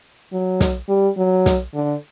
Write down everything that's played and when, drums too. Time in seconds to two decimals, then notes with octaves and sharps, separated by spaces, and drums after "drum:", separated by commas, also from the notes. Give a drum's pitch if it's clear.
0.32 F#3
0.61 drum: snare
0.89 G3
1.17 F#3
1.46 drum: snare
1.74 D3